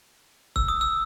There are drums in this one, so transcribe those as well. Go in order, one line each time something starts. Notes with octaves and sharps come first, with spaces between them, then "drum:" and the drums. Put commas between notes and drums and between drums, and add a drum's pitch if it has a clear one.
E6, drum: kick C#1
D#6
E6